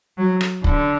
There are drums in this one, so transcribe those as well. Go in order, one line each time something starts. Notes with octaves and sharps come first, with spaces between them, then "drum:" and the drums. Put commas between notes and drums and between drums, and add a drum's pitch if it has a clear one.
F#3
drum: rim click
D3, drum: kick